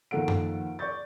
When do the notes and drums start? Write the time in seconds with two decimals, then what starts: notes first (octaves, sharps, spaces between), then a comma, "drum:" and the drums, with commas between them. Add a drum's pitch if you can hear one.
0.11 D#2 D#3 F3 A4 F#5 D7
0.28 drum: tom F#2
0.79 D5 C#6 G6 A6